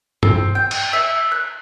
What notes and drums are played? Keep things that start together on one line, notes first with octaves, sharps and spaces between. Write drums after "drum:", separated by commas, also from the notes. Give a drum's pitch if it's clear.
C4, drum: tom G2
G5
drum: cymbal
E5
F#6